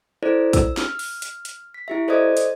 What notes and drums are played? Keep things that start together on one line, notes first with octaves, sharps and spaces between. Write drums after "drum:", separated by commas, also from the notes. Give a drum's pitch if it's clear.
E4 A4 C5 D5
E6, drum: kick, hi-hat
F6, drum: snare
drum: open hi-hat
drum: hi-hat
drum: hi-hat
B6
E4 G4 E5
A4 C5 D5 D#5 D#6 G#6
drum: hi-hat